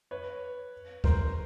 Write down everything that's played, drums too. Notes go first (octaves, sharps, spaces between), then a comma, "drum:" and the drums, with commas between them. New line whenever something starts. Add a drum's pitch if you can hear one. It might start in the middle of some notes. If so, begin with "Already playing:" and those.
B4 C#5
A#4 C5, drum: kick C#2